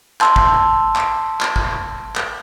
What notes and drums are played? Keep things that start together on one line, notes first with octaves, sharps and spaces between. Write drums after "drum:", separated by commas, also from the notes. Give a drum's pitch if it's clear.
A5 C6 E6, drum: clap
drum: kick
drum: clap
drum: clap
drum: kick
drum: clap